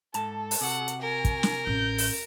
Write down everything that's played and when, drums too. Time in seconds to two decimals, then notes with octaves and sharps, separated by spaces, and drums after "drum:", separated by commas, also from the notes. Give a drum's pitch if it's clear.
0.14 G#2 A4 A5, drum: hi-hat
0.51 drum: open hi-hat
0.61 C3 F#4 F#5
0.88 drum: hi-hat
1.01 A#4 G#5
1.25 drum: kick, hi-hat
1.43 drum: snare
1.67 A1 G6
1.98 drum: open hi-hat